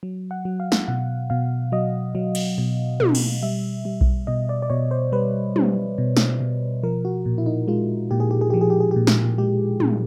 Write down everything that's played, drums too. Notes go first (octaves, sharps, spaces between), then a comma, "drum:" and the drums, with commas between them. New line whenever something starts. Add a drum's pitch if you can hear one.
F#3
F#5
F#3
F5
drum: snare
B2 F#5
B2 F5
F#3 D#5
F#3
drum: cymbal
B2
B2, drum: tom
drum: cymbal
G3 E5
G3
drum: kick B1
B2 D#5
D5
D5
B2 C#5
C5
G3 B4
G3, drum: tom
B2
drum: snare
B2
F3 A#4
F#4
A#2
E4
D#4
G#3 F4
A#2 G4
G#4
G4
G#4
F3 G4
G#4
G4
G#4
G4
A#2
drum: snare
G#3 G4
A#2, drum: tom